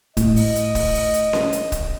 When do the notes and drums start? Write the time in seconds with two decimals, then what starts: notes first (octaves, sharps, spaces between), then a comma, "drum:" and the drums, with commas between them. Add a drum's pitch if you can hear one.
0.17 A2 D#5, drum: kick, hi-hat
0.36 drum: open hi-hat
0.56 drum: hi-hat
0.75 drum: kick, open hi-hat
0.94 drum: open hi-hat
1.14 drum: hi-hat
1.33 drum: snare C#4
1.53 drum: hi-hat
1.72 drum: kick, hi-hat